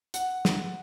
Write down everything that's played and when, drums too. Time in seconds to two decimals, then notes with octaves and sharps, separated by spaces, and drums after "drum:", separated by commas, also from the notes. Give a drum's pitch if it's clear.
0.14 F#5, drum: hi-hat
0.45 drum: snare